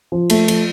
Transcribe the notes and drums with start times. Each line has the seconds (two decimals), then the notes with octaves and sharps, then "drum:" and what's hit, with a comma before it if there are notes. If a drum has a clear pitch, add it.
0.12 F3
0.30 A3, drum: cymbal
0.48 F3, drum: cymbal